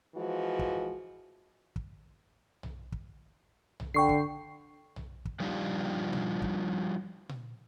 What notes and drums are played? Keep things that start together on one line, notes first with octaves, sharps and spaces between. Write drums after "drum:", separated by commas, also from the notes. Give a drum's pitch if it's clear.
E3 F3 G#3 F#4
drum: kick
drum: kick
drum: tom B1
drum: kick
drum: tom B1
D3 G5 C#6 C7
drum: kick
drum: tom B1
drum: kick
F3 G3 D4 D#4 F4 G4
drum: tom A#2
drum: kick
drum: tom A#2